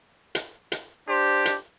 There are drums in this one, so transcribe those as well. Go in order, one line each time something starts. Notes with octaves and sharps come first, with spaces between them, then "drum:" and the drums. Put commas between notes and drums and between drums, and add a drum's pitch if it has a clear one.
drum: hi-hat
drum: hi-hat
D4 G4 C5
drum: hi-hat